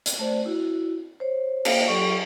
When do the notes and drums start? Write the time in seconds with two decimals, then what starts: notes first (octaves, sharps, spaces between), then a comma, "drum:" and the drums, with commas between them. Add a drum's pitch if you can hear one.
0.06 drum: hi-hat
0.19 A3 C5 D5
0.46 E4 F#4
1.20 C5 C#5
1.65 A#3 C5 F5, drum: cymbal
1.88 F#3 G4 A4 C#6